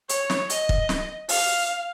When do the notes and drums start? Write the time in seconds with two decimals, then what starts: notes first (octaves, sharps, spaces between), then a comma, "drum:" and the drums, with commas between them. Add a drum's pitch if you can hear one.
0.09 C#5, drum: hi-hat
0.30 drum: snare
0.50 D#5, drum: hi-hat
0.69 drum: kick
0.89 drum: snare
1.29 F5, drum: open hi-hat